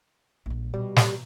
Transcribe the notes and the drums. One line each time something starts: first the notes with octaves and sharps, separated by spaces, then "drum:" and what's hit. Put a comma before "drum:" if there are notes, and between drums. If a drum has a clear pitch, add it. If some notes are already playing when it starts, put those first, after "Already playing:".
A#1 G3
B2 G3
drum: snare